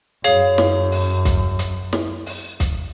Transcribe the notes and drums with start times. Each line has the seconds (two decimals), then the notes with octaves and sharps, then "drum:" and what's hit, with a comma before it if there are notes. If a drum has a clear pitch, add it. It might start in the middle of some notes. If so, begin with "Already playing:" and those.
0.24 F#2 G#4 C#5 F5, drum: hi-hat
0.58 drum: snare
0.92 drum: open hi-hat
1.25 drum: kick, hi-hat
1.59 drum: hi-hat
1.93 drum: snare
2.26 drum: open hi-hat
2.60 drum: kick, hi-hat